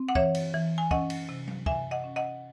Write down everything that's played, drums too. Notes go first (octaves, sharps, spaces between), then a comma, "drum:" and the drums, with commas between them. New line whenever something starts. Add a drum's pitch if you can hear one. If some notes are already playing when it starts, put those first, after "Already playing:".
Already playing: C4
F#5
E3 C#5 E5, drum: kick
drum: cymbal
E3
G#5
C#4 D#5 F#5, drum: kick
drum: cymbal
C3
drum: tom F#3
C3 E5 G#5, drum: kick
D#5 F#5
C#4
D#5 F#5